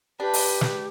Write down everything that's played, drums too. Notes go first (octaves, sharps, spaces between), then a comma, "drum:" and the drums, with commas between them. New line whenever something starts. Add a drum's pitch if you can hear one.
D4 G4 B4
drum: open hi-hat
drum: snare